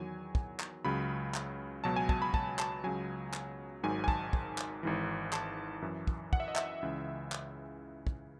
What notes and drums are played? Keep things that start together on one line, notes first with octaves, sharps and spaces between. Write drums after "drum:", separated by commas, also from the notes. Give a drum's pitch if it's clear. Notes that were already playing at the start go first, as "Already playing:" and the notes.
Already playing: E2 D#3 F#3 G#5
drum: kick
drum: clap
C#2 C#3 F#3 B5
drum: clap
C#2 B2 F#3 A5
G#5
A5, drum: kick
B5
A5, drum: kick
A5, drum: clap
C#2 C#3 F#3 G#5
drum: clap
G#1 G#2 D#3 F#3 G#5
G#5
A5, drum: kick
drum: kick
drum: clap
G#1 G#2 E3
A5, drum: clap
F#2 E3
drum: kick
F#5, drum: kick
E5
D#5
E5, drum: clap
C#2 C#3 E3
drum: clap
drum: kick